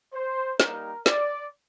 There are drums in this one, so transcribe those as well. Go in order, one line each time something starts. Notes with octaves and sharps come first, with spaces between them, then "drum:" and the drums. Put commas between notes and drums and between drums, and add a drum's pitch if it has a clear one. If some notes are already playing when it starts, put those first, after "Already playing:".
C5
G3 A#3 D#4 G4 A#4, drum: snare
D5, drum: snare